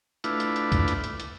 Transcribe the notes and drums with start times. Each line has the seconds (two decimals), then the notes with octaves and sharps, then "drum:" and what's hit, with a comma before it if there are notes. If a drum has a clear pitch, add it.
0.24 A3 D4 E4 F4 B4, drum: hi-hat
0.40 drum: hi-hat
0.56 drum: hi-hat
0.72 drum: kick C2, hi-hat
0.88 drum: hi-hat
1.04 drum: hi-hat
1.20 drum: hi-hat